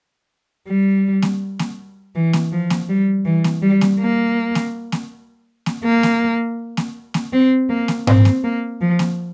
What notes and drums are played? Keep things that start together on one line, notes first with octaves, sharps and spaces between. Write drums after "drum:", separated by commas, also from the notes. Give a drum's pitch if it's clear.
G3
drum: snare A#3
drum: snare A#3
E3
drum: snare A#3
F3
drum: snare A#3
G3
E3
drum: snare A#3
G3
drum: snare A#3
A#3
drum: snare A#3
drum: snare A#3
drum: snare A#3
A#3
drum: snare A#3
drum: snare A#3
drum: snare A#3
C4
A#3
drum: snare A#3
C4, drum: tom G#2
drum: snare A#3
A#3
F3
drum: snare A#3